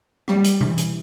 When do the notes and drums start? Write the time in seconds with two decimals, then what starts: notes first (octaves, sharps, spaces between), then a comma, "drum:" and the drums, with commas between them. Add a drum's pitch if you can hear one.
0.28 G3, drum: rim click
0.44 drum: hi-hat
0.61 E3, drum: tom B2
0.78 drum: hi-hat